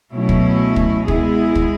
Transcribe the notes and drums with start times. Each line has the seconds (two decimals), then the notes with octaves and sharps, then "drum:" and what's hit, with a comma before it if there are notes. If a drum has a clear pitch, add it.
0.13 B2 F#3 A3 C#4 E4
0.29 drum: kick
0.76 drum: kick
1.08 G#3 B3 E4 G#4, drum: kick
1.55 drum: kick